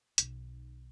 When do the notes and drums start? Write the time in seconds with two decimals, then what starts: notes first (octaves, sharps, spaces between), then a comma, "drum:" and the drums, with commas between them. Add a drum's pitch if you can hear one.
0.18 B1 D#3, drum: hi-hat